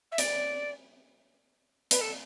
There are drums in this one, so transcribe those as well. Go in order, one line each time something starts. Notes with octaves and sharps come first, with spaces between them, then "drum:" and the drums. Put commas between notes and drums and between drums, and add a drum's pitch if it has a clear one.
E5
D5, drum: hi-hat
B4, drum: hi-hat
A4